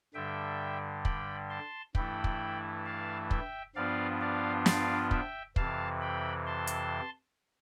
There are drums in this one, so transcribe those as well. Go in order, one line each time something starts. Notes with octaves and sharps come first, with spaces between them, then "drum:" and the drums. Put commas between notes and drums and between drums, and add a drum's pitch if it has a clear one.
G2 D3 G3 E5 G5
G5 B5, drum: kick
A5 C6
G2 E3 A3 E4 G5 B5, drum: kick
drum: kick
F5 A5
E5 G5, drum: kick
G2 F3 B3 D4 F4 D5 F5
D5 F5
D5 F5, drum: snare
E5 G5, drum: kick
F2 C3 E3 F5 A5, drum: kick
G5 B5
A5 C6
drum: hi-hat